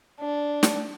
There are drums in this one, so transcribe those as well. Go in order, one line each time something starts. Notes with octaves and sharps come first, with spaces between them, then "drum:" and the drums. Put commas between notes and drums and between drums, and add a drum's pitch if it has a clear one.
D4
drum: snare